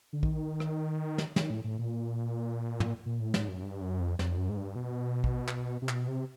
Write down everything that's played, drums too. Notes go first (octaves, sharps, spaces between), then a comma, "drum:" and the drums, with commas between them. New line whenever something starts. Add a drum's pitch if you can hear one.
D3
D#3, drum: kick A#1
drum: rim click
drum: snare
D#3, drum: snare
A2
A2
A#2
drum: tom
A#2
A2
G#2, drum: snare
F#2
G2
F#2
F2
F2, drum: snare
F#2
G#2
G2
B2
drum: kick A#1
drum: clap
C3
B2, drum: clap
C3